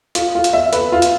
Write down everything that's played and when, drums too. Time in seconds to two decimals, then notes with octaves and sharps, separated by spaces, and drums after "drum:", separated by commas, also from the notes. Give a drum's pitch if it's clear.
0.15 F4, drum: hi-hat
0.35 F4
0.44 drum: hi-hat
0.53 E5
0.73 B4, drum: hi-hat
0.92 F4
1.02 drum: hi-hat